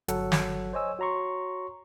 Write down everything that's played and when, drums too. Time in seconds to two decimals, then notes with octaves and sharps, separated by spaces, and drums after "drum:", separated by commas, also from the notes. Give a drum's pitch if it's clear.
0.08 G1 F#3 A4 F#5, drum: hi-hat
0.32 drum: snare
0.73 C5 C#5 D#5 G#5 E6
0.99 F#4 C#5 A#5 C6 C#6